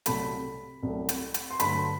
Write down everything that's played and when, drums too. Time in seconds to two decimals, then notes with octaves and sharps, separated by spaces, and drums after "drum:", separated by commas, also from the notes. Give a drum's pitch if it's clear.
0.06 C2 C3 F#3 A3 B5, drum: hi-hat
0.83 C2 C3 F#3 A3
1.09 drum: hi-hat
1.34 drum: hi-hat
1.51 C6
1.60 G2 D3 F#3 A3 B5, drum: hi-hat